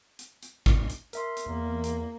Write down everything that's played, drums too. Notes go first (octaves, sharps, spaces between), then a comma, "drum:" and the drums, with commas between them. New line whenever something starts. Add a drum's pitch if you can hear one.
drum: hi-hat
drum: hi-hat
drum: kick
drum: hi-hat
A#4 E5 C6, drum: hi-hat
drum: hi-hat
E2 A#3
drum: hi-hat